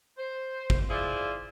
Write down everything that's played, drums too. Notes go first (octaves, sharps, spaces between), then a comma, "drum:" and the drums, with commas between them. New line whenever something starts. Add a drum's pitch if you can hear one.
C5
drum: kick G#1
E4 F4 G#4 C5 D5